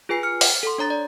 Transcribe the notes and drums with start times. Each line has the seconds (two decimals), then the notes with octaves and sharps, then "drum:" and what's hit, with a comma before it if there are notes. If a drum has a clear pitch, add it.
0.09 F4 G#4 B4 G#5 C7
0.23 F6 C#7
0.41 F#5, drum: open hi-hat
0.63 A4 C6
0.78 D4 C#5 A#5 A6
0.90 D5